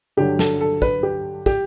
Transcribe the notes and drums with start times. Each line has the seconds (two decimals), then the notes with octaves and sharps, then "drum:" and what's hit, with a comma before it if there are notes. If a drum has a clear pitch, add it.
0.17 G2 D3 F#3 G4
0.39 A4, drum: snare
0.61 A4
0.82 B4, drum: kick
1.03 G4
1.46 G4, drum: kick